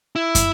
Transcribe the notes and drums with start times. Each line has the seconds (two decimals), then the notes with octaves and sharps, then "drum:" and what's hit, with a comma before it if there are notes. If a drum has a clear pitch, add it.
0.16 E4
0.35 drum: kick, hi-hat